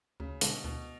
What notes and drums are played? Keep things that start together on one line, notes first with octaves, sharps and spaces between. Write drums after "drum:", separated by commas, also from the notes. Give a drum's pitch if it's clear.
D2 C#3
B2 D3 G#3 D4, drum: hi-hat
D2 B2